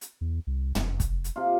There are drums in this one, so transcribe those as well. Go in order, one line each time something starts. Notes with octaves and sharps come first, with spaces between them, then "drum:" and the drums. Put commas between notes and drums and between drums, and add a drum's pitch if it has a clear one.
drum: hi-hat
E2
C2
F1, drum: tom
drum: kick, hi-hat
drum: hi-hat
C3 F4